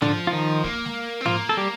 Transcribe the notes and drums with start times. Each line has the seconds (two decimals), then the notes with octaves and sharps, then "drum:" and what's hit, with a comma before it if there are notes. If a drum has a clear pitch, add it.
0.02 D3 F3 D4, drum: tom G#2
0.27 F4
0.33 D#3 D#4
0.64 A#3, drum: kick
0.85 drum: snare G#3
1.21 C4
1.26 F3 A#3 F4, drum: tom G#2
1.49 A4
1.57 G3 G4